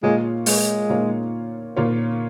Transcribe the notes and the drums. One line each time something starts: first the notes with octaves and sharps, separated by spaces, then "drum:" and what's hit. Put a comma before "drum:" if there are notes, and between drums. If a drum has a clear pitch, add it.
A#2 G#3 A#3 F4 C#5 F5
G#3, drum: open hi-hat
A#2 A#3 F4 C#5 F5
A#2 A#3 F4 C#5 F5